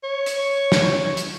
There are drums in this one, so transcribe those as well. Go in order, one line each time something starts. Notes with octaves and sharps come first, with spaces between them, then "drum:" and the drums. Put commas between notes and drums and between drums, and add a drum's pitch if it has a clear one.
C#5
drum: hi-hat
drum: snare
drum: hi-hat